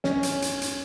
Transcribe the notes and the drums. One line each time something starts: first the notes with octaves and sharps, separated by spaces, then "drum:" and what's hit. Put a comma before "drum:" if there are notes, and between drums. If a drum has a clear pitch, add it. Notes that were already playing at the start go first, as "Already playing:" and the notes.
C#4, drum: snare
drum: hi-hat
drum: hi-hat
drum: hi-hat